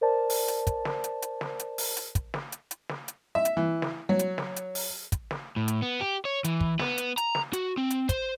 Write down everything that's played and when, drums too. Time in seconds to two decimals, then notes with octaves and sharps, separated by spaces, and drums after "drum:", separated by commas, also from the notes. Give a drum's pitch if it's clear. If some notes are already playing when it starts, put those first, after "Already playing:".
0.01 A#4 C5 D5 A5
0.30 drum: open hi-hat
0.48 drum: hi-hat
0.67 drum: kick, hi-hat
0.85 drum: snare
1.04 drum: hi-hat
1.22 drum: hi-hat
1.41 drum: snare
1.59 drum: hi-hat
1.78 drum: open hi-hat
1.97 drum: hi-hat
2.15 drum: kick, hi-hat
2.34 drum: snare
2.52 drum: hi-hat
2.71 drum: hi-hat
2.89 drum: snare
3.08 drum: hi-hat
3.35 E5
3.45 drum: hi-hat
3.57 E3
3.82 drum: snare
4.09 F#3
4.19 drum: hi-hat
4.38 drum: snare
4.56 drum: hi-hat
4.75 drum: open hi-hat
5.12 drum: kick, hi-hat
5.31 drum: snare
5.56 A2
5.68 drum: hi-hat
5.82 B3
6.01 G4
6.25 C#5
6.44 E3, drum: hi-hat
6.61 drum: kick
6.79 B3, drum: snare
6.98 drum: hi-hat
7.18 A#5, drum: hi-hat
7.35 drum: snare
7.53 F#4, drum: hi-hat
7.77 C4
7.90 drum: hi-hat
8.09 C5, drum: kick, hi-hat